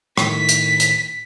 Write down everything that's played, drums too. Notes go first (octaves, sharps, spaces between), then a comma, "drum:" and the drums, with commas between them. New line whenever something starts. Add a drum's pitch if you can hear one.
A2 D#3 B6, drum: rim click
drum: hi-hat
drum: hi-hat